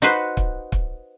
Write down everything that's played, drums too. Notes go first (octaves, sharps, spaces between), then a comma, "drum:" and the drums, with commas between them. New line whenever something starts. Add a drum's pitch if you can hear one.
D#4 F#4 B4 C5
drum: kick
drum: kick